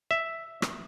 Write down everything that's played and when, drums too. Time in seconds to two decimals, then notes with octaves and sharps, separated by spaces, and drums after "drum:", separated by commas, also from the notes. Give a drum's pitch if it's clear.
0.11 E5
0.62 drum: rim click